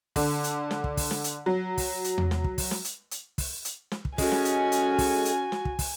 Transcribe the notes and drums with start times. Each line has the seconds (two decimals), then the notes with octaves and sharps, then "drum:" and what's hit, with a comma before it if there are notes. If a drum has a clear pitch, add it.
0.16 D3, drum: kick, open hi-hat
0.44 drum: hi-hat
0.71 drum: snare
0.84 drum: kick
0.97 drum: kick, open hi-hat
1.11 drum: snare
1.24 drum: hi-hat
1.46 F#3
1.78 drum: kick, open hi-hat
2.04 drum: hi-hat
2.18 drum: tom E2
2.31 drum: snare
2.44 drum: kick
2.58 drum: kick, open hi-hat
2.71 drum: snare
2.85 drum: hi-hat
3.11 drum: hi-hat
3.38 drum: kick, open hi-hat
3.65 drum: hi-hat
3.92 drum: snare
4.05 drum: kick
4.18 G#3 A3 C#4 F#4 G#5, drum: kick, open hi-hat
4.32 drum: snare
4.45 drum: hi-hat
4.72 drum: hi-hat
4.98 drum: kick, open hi-hat
5.25 drum: hi-hat
5.52 drum: snare
5.65 drum: kick
5.79 drum: kick, open hi-hat